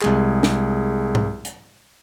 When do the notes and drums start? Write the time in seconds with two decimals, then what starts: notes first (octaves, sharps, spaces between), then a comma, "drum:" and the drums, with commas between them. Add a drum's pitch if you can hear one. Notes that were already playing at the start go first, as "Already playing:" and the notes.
0.02 C2 G#3 G#4, drum: clap
0.43 drum: snare
1.15 drum: tom G#2
1.45 drum: hi-hat